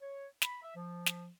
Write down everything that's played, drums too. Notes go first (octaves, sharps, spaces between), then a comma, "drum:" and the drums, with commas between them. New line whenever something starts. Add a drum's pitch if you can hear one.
C#5
B5, drum: snare
E5
F3
drum: snare